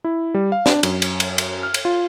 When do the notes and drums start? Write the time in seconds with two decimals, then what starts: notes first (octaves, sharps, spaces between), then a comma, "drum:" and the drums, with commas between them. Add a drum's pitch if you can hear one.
0.04 E4
0.34 G3
0.52 F5
0.66 D4, drum: snare
0.83 F#2, drum: cymbal
1.02 drum: cymbal
1.20 drum: cymbal
1.38 drum: cymbal
1.63 F6
1.74 drum: cymbal
1.85 F4